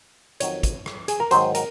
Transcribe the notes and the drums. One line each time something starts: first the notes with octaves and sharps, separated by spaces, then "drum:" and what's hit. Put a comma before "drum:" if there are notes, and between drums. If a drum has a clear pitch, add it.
F2 D#3 F#3 C#5, drum: hi-hat
drum: kick, hi-hat
drum: rim click
G#4, drum: hi-hat
A#4
G#2 D#3 F#3 C5, drum: hi-hat
A#4, drum: hi-hat